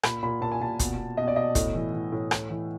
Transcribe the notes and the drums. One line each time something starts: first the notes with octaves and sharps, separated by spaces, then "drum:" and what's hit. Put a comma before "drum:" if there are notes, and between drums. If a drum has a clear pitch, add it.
A#2 B5, drum: rim click
A#2 B5
A#2 A5
G#5
A#2 A5
B2, drum: kick, hi-hat
B2
B2 D#5
D5
B2 D#5
A2, drum: kick, hi-hat
E3
E3
A2
A2, drum: rim click
E3